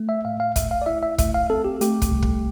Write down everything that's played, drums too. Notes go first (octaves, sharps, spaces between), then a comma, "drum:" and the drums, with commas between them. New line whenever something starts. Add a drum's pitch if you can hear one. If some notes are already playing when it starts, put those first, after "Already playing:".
Already playing: A3
E5
A2 F5
F5
A3 E5, drum: kick, hi-hat
F5
D5
E4 E5
E5
A3 E5, drum: kick, hi-hat
F5
C4 A4
G4
A3 G4, drum: hi-hat
drum: kick, hi-hat
C2
drum: kick